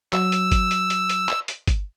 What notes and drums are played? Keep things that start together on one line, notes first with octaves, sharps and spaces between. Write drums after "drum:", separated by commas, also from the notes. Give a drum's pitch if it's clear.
F#3 E6, drum: clap
drum: hi-hat
drum: kick G1, hi-hat
drum: hi-hat
drum: hi-hat
drum: hi-hat
drum: clap
drum: hi-hat
drum: kick G1, hi-hat